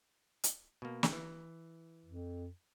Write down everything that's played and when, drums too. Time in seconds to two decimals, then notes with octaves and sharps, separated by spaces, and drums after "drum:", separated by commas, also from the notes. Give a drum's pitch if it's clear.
0.44 drum: hi-hat
0.82 B2 A#3
1.03 drum: snare
1.12 E3
2.05 F2